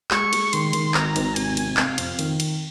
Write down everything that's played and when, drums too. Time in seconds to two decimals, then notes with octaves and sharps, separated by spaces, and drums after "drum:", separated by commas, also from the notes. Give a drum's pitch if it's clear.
0.11 G#3 C#6, drum: clap
0.33 G#3, drum: cymbal
0.53 D#3 C6, drum: cymbal
0.73 D#3, drum: cymbal
0.94 G#1 A#5, drum: clap
1.16 G#1, drum: cymbal
1.36 C3 G#5, drum: cymbal
1.57 C3, drum: cymbal
1.77 C3 F5, drum: clap
1.98 F2, drum: cymbal
2.19 D#3, drum: cymbal
2.40 drum: cymbal